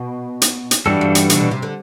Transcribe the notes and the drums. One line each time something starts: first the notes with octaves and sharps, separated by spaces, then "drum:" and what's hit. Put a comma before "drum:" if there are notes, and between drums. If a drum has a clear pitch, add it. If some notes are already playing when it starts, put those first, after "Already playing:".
Already playing: B2
drum: hi-hat
drum: hi-hat
G2 E3 G3 D4 F#4 A4
G2
drum: hi-hat
A2, drum: hi-hat
C3
B2
C3
D3